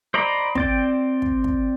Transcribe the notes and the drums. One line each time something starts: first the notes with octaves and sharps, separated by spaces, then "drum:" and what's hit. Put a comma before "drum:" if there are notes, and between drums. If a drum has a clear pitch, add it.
C5 D5 D#5 A#5 B5
C4 D5 G5, drum: kick
drum: kick
drum: kick